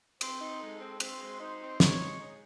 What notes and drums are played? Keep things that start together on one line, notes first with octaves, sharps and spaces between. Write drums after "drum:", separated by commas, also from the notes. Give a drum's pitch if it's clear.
C4 C5, drum: cymbal
D#4
G#3 A4
C4
C4 C5, drum: cymbal
G#3
D#4 C5
C4
D#4 C#5, drum: snare
G#3
D#4